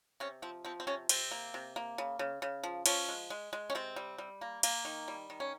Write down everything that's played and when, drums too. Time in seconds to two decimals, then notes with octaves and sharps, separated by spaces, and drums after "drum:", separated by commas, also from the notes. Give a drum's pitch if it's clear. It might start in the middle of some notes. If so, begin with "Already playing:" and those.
0.20 C3 C#4
0.42 F3 C4
0.65 F3 C4
0.80 C4
0.87 C3 C#4
1.09 C3 C4, drum: cymbal
1.31 A#3
1.54 C3
1.76 A#3
1.98 C#3
2.19 C#3
2.42 C#3
2.63 F3
2.86 F3 C#4, drum: cymbal
3.09 G#3
3.30 G#3
3.53 G#3
3.70 C#4
3.75 C3 C4
3.96 G3
4.18 G3
4.41 A#3
4.63 A#3, drum: cymbal
4.85 D#3
5.08 G3
5.30 D#3
5.40 C#4